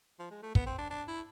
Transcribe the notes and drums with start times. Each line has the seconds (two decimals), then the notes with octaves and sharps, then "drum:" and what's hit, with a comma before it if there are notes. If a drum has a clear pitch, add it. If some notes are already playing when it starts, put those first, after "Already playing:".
0.19 F3
0.31 G#3
0.43 A3
0.55 B3, drum: kick
0.66 C4
0.78 D4
0.90 D4
1.08 E4